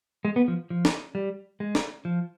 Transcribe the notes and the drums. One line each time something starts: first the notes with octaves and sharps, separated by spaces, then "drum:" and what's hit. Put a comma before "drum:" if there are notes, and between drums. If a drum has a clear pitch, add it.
G#3
B3
F3
F3
drum: snare
G3
G#3
drum: snare
F3